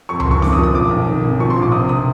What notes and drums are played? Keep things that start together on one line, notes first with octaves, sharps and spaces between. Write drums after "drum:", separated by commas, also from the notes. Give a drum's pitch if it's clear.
F2 C#6
C6, drum: tom C#2
F#1
C#6
G#1 D6, drum: snare C4
D#6
F3
D#6
B1 D6
B1
D#3
G#1
F3 C#6
C6
A#1
D6
C3 D#6
D#6